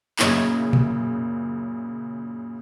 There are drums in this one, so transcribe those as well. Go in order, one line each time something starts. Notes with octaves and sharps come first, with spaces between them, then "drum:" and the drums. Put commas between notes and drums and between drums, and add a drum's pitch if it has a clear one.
F#2 A#2 C#3 E4 C#5 D#5, drum: clap
drum: tom A#2